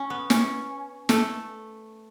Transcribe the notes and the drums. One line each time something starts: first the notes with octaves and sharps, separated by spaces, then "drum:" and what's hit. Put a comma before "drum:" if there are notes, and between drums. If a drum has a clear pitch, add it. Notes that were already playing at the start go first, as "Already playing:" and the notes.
Already playing: C#4
B3
C#4, drum: snare
A3, drum: snare